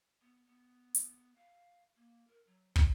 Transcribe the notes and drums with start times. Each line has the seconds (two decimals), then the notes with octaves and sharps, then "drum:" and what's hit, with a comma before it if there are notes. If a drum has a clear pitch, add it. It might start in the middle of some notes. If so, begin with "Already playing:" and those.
0.21 B3
0.46 B3
0.95 drum: hi-hat
1.36 F5
1.96 A#3
2.27 A#4
2.47 F#3
2.76 C#5, drum: kick